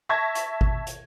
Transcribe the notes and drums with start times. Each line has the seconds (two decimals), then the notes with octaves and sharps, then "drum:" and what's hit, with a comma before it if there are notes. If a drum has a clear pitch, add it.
0.09 E5 A5 C#6 G#6 A#6
0.35 drum: hi-hat
0.61 drum: kick G#1
0.87 drum: hi-hat